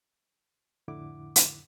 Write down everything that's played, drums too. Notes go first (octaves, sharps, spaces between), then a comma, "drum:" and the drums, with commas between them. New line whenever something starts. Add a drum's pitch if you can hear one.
F2 A2 D3 E4 F#5 D6
drum: hi-hat